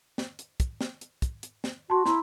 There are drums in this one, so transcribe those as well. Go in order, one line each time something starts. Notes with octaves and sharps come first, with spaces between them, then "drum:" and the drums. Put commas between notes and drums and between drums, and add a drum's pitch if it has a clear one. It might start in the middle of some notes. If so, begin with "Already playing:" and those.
drum: snare
drum: hi-hat
drum: kick, hi-hat
drum: snare
drum: hi-hat
drum: kick, hi-hat
drum: hi-hat
drum: snare
F#4 A5 C6
E4 A#5 C6, drum: snare